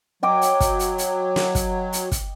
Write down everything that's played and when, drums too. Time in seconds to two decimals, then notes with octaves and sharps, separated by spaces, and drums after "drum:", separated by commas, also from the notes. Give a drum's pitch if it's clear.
0.23 F#3 D#5 G5 D6
0.42 drum: hi-hat
0.60 drum: kick, hi-hat
0.79 drum: hi-hat
0.98 drum: hi-hat
1.36 drum: snare
1.55 drum: kick, hi-hat
1.93 drum: hi-hat
2.12 drum: kick, hi-hat